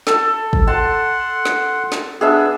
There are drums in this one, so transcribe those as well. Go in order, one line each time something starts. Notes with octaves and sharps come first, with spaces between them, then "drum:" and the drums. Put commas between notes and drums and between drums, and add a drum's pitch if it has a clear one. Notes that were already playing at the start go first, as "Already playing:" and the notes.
A4, drum: snare
drum: kick
F#5 A5 C6
drum: snare
drum: snare
B3 D4 G#4 E5 A5